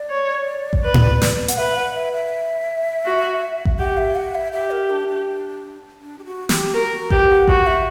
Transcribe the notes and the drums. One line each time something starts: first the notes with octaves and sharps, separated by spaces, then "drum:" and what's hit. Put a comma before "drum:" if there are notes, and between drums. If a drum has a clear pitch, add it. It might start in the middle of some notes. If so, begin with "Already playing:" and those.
Already playing: D5
C#5
drum: kick A1
B4
drum: tom A2
drum: snare
F#5, drum: hi-hat
B4 E5
F#5
E5
E5
F#4
drum: kick A1
G4 F#5
E5
F#5
E5
G4 E5
A#4
D4
D4
D4
G4
F#4
G4, drum: snare
F#4 A#4
F#4
G4 B4, drum: kick A1
F#5
F#4 F#5, drum: kick A1
E5